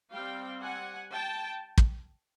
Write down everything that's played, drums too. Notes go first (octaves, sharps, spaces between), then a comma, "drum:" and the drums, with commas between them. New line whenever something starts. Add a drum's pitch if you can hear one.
G3 C4 F5 G5
F#5 G#5
G5 A5
drum: kick